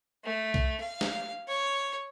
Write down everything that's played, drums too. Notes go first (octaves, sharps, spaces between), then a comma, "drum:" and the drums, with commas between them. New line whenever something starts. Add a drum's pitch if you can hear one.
A3
drum: kick B1
F5
drum: snare
C#5